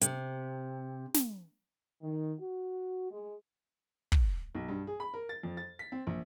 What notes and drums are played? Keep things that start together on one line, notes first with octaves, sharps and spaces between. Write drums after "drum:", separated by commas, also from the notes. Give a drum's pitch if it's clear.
C3, drum: hi-hat
drum: snare
D#3
F#4
G#3
drum: kick
B1
G2
G#4
B5
A#4
A6
F2
A6
B6
C4
A#1